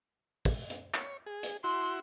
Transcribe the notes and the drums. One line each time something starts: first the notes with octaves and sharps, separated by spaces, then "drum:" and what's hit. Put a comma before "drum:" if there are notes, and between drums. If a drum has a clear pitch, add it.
drum: kick, open hi-hat
drum: hi-hat
C#5, drum: clap
G#4
drum: hi-hat
E4 F#4 C6